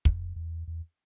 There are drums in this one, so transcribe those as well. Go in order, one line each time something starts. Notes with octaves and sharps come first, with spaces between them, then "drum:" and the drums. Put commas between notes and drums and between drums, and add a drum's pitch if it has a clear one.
F2, drum: kick
E2
E2